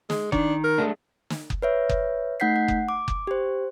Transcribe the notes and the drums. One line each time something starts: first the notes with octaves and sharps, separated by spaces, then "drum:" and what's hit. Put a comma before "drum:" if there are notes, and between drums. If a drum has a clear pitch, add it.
G#3, drum: snare
D#3 D4, drum: kick F#1
A#4
G#3 A3 D4
drum: snare
drum: kick F#1
B4 C#5 E5
drum: kick F#1
A3 D#4 F#5 G6 B6 C7
F#5
drum: kick F#1
D6
drum: kick F#1
G4 C5